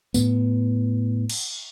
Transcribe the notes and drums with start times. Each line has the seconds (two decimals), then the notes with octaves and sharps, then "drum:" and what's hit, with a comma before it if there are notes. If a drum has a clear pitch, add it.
0.14 A2 B3, drum: tambourine
1.29 drum: cymbal